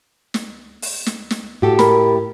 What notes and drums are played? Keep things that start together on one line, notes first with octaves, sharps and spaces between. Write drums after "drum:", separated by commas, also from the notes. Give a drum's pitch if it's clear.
drum: snare
drum: open hi-hat
drum: snare
drum: snare
A2 F#4 G4 A4
A#4 B5, drum: snare